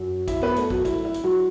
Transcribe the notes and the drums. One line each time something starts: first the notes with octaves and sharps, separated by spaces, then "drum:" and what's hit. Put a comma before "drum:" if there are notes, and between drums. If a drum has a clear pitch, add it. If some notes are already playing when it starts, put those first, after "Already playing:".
Already playing: F#2 F#3
E4 E5, drum: kick, hi-hat
B3 B4
A3 A4, drum: hi-hat
F#3 F#4, drum: kick
E4, drum: kick, hi-hat
E4
drum: hi-hat
F#3 F#4